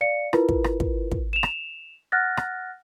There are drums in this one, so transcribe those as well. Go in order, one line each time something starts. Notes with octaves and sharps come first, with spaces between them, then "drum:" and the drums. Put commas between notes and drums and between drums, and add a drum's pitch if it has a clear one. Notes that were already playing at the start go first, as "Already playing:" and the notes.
D5 F5 C#7
E4 F4 A#4 B4, drum: rim click
drum: kick
drum: rim click
drum: kick
drum: kick
E7 F7
drum: rim click
F#5 F6 F#6 A6 A#6
drum: rim click